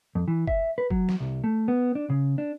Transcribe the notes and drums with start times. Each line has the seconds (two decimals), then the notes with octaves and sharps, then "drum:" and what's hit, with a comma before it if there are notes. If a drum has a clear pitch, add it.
0.15 F2
0.28 E3
0.48 E5, drum: kick
0.78 B4
0.91 F#3, drum: kick
1.09 drum: snare
1.20 C2
1.44 A3
1.68 B3
1.95 D4
2.10 C#3
2.38 D4